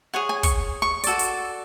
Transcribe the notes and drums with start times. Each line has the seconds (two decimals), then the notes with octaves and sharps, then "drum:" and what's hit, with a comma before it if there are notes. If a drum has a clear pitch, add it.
0.14 G#4 C#5 F#5
0.29 G#5
0.43 C#6, drum: kick, hi-hat
0.82 C#6
1.03 F#4 A4 D5, drum: hi-hat
1.19 drum: hi-hat